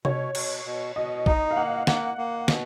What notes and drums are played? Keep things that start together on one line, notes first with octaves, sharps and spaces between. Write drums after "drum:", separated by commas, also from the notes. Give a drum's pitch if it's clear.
B2 C#5, drum: tom C3
B2, drum: cymbal
B2
B2 D#5
D#4 D#5, drum: kick
F5
A#3 F#5
A#3 F#5, drum: snare
A#3
B2, drum: snare